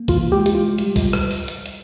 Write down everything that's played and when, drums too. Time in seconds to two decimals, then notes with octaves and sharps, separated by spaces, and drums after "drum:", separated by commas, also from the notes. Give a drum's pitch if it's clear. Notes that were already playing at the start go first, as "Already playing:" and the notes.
Already playing: A#3
0.08 E3 F4, drum: kick B1, hi-hat
0.32 G#3 G4
0.46 G4, drum: hi-hat
0.55 G#3 F4
0.78 G3, drum: hi-hat
0.96 drum: kick B1, open hi-hat
1.13 drum: rim click
1.31 drum: open hi-hat
1.48 drum: hi-hat
1.66 drum: hi-hat